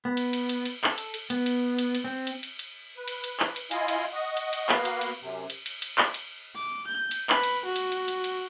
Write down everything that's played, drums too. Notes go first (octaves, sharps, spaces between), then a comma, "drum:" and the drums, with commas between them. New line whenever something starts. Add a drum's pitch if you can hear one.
B3
drum: cymbal
drum: cymbal
drum: cymbal
drum: cymbal
A4, drum: clap
drum: cymbal
drum: cymbal
B3, drum: cymbal
drum: cymbal
drum: cymbal
drum: cymbal
C4
drum: cymbal
drum: cymbal
drum: cymbal
B4
drum: cymbal
drum: cymbal
drum: clap
drum: cymbal
E4 F4 D#5 F5 G#5, drum: cymbal
drum: cymbal
D#5 F#5 C#6 D#6
drum: cymbal
drum: cymbal
A#3 B3 F#4 B4 F5, drum: clap
drum: cymbal
drum: cymbal
F#2 C3
drum: cymbal
drum: cymbal
drum: cymbal
drum: clap
drum: cymbal
D6
G6
drum: cymbal
B4, drum: clap
drum: cymbal
F#4
drum: cymbal
drum: cymbal
drum: cymbal
drum: cymbal